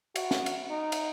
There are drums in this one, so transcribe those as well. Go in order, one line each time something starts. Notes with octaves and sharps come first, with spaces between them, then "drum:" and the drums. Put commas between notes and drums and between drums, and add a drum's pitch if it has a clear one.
F#4, drum: cymbal
drum: snare
drum: cymbal
D#4
drum: cymbal